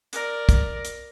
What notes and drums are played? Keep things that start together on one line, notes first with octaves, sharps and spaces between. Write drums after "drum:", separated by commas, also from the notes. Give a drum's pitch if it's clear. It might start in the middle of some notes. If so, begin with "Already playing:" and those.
A#4 D5, drum: hi-hat
drum: kick, hi-hat
drum: hi-hat